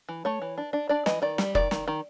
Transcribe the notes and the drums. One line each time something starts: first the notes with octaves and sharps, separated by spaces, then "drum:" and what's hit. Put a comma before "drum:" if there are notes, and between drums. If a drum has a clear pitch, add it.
E3
A3 C#5
E3
D4
D4
D4 D5
E3 D#5, drum: snare
D#3 D5
G3, drum: snare
D#3 D5, drum: kick
D#3, drum: snare
D#3